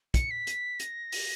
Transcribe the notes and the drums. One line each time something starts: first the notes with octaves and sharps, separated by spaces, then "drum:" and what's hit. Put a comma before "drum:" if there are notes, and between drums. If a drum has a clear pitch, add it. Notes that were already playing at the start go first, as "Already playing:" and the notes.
C#7, drum: kick, hi-hat
B6
drum: hi-hat
A#6, drum: hi-hat
drum: open hi-hat